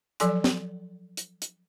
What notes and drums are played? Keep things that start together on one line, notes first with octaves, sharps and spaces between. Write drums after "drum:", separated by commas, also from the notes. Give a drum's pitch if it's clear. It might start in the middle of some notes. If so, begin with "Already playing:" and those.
F3 F#3 A4 D5 G#5 C6, drum: hi-hat
drum: snare
drum: hi-hat
drum: hi-hat